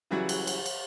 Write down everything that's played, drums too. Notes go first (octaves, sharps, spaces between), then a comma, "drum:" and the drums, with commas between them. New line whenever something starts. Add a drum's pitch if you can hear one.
C#3 E3 F#3 G3 F#4
drum: cymbal
drum: cymbal
drum: cymbal